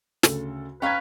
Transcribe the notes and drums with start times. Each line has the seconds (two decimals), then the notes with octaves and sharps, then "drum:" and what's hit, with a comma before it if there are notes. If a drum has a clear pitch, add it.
0.23 D2 C#3 A4, drum: snare
0.82 C#4 B4 F5 G5 A#5 G#6